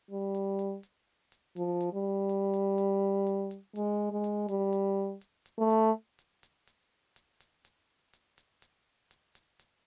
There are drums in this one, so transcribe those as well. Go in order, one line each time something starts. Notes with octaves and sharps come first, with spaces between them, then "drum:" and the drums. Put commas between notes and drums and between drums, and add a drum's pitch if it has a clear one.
G3
drum: hi-hat
drum: hi-hat
drum: hi-hat
drum: hi-hat
F3, drum: hi-hat
drum: hi-hat
G3
drum: hi-hat
drum: hi-hat
drum: hi-hat
drum: hi-hat
drum: hi-hat
G#3, drum: hi-hat
G#3
drum: hi-hat
G3, drum: hi-hat
drum: hi-hat
drum: hi-hat
drum: hi-hat
A3
drum: hi-hat
drum: hi-hat
drum: hi-hat
drum: hi-hat
drum: hi-hat
drum: hi-hat
drum: hi-hat
drum: hi-hat
drum: hi-hat
drum: hi-hat
drum: hi-hat
drum: hi-hat
drum: hi-hat